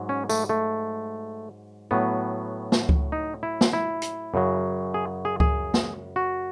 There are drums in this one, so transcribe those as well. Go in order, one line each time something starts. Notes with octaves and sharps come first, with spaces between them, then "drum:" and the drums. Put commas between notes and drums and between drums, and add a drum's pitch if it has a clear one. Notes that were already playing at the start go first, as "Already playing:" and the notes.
Already playing: G#2 F#3
C#4
A3, drum: tambourine
A3
A2 F#3 B3
drum: snare
drum: kick C#2
D#4
E4
drum: snare
E4
drum: hi-hat
F#2 C#3 F#3
G#4
G#4
G#4, drum: kick C#2
drum: snare
F#4